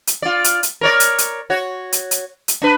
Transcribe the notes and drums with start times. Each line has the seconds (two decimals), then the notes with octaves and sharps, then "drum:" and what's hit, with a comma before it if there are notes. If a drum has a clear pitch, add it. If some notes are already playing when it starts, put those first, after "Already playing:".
0.07 drum: hi-hat
0.22 F4 D5
0.44 drum: hi-hat
0.63 drum: hi-hat
0.81 A#4 C#5 D5
1.00 drum: hi-hat
1.18 drum: hi-hat
1.50 F#4 C#5
1.92 drum: hi-hat
2.11 drum: hi-hat
2.48 drum: hi-hat
2.62 D4 B4